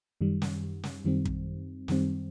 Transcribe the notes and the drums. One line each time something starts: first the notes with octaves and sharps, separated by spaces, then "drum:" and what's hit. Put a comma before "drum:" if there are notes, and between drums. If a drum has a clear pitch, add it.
F#2 D#3 G3
drum: snare
drum: snare
F#2 D#3 G3 C4
drum: kick
F#2 D#3 G3 C4, drum: snare